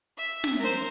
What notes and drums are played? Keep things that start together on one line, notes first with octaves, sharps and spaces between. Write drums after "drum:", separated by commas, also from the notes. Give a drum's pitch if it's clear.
E5
drum: snare
A#4 C5